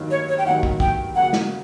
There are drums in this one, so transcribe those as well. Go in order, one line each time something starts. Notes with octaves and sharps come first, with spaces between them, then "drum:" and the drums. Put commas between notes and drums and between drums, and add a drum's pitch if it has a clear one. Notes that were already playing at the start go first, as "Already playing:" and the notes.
Already playing: G2 D#3 F#3 A#3
C#5
C#5
G5
G2 D#3 F#3 A#3 F#5
drum: kick
G5, drum: kick
C#3 F#3 A#3 F#5
drum: snare